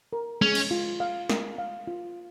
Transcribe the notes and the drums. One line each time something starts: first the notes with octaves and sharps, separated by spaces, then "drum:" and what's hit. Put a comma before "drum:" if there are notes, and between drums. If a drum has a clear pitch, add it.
A#4
G#3 C#4
drum: cymbal
F4
F5
A#4, drum: snare
F5
F4